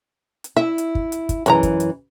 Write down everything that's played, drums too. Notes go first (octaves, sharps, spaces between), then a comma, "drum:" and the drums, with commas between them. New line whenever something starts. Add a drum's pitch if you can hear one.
drum: hi-hat
E4 E5
drum: hi-hat
drum: kick
drum: hi-hat
drum: kick, hi-hat
F#2 E3 G#3 C#5 A#5, drum: hi-hat
drum: kick, hi-hat
drum: hi-hat